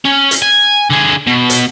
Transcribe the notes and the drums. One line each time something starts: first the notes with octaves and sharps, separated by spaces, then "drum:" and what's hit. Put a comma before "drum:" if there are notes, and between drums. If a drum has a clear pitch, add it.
C#4
drum: hi-hat
G#5
D3 G#4
B2
drum: hi-hat